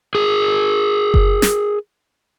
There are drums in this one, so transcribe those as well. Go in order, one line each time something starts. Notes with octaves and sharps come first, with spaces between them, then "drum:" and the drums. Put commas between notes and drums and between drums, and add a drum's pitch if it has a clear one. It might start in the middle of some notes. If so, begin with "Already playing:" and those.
G#4 A#4
drum: kick F#1
drum: snare